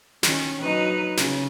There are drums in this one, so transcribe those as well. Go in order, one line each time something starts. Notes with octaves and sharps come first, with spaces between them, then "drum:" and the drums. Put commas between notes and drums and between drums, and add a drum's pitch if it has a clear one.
D#3 C#4, drum: snare
F#3 D#4 B4
C#3, drum: snare